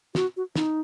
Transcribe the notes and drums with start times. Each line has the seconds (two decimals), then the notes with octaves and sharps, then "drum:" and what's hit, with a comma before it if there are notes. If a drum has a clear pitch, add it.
0.15 F#4, drum: snare
0.37 F#4
0.56 D#4, drum: snare